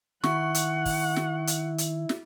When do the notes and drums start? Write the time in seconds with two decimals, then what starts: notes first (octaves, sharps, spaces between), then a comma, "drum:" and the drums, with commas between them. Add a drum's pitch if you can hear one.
0.24 D#3 E4 F#5 C#6, drum: snare
0.55 drum: hi-hat
0.85 drum: kick, open hi-hat
1.16 drum: snare
1.47 drum: hi-hat
1.78 drum: hi-hat
2.09 drum: snare